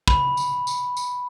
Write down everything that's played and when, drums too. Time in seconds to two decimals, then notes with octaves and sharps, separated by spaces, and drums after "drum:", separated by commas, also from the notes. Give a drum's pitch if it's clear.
0.08 B5, drum: kick
0.37 drum: tambourine
0.67 drum: tambourine
0.97 drum: tambourine